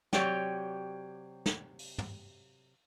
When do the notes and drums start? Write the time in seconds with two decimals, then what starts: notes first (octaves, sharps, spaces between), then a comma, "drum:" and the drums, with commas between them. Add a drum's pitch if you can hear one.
0.13 C3 F#3 G4 C#5 D5 G5, drum: snare
1.46 drum: snare
1.79 drum: open hi-hat
1.98 drum: tom